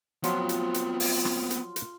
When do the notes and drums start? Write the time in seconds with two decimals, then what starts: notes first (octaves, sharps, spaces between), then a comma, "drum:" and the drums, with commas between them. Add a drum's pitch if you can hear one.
0.24 F3 F#3 B3 C4 F4, drum: hi-hat
0.49 drum: hi-hat
0.74 drum: hi-hat
1.00 drum: open hi-hat
1.25 drum: rim click
1.51 drum: hi-hat
1.76 drum: hi-hat